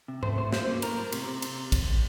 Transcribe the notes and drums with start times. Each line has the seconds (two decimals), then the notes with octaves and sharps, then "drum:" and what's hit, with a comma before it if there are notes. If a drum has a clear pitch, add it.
0.08 C3
0.23 A3 C5, drum: tom G#2
0.38 A2 C5
0.53 F#2 C5, drum: snare
0.67 A#3
0.82 A2 A#4, drum: cymbal
0.98 A2
1.12 C3, drum: cymbal
1.27 C3
1.42 drum: cymbal
1.72 drum: kick A1, cymbal